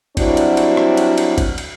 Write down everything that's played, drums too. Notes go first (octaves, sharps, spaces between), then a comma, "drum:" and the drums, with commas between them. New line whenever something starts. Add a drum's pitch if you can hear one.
F#3 G3 C4 D4 E4 F#4, drum: kick G#1, cymbal
drum: cymbal
drum: cymbal
drum: rim click
drum: cymbal
drum: cymbal
drum: kick G#1, cymbal
drum: cymbal